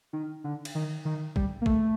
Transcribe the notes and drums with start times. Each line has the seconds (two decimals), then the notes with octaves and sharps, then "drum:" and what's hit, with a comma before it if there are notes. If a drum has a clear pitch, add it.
0.13 D#3
0.44 D3
0.65 drum: cymbal
0.75 D#3
1.05 D#3
1.36 G3, drum: kick
1.62 A#3
1.66 A3, drum: kick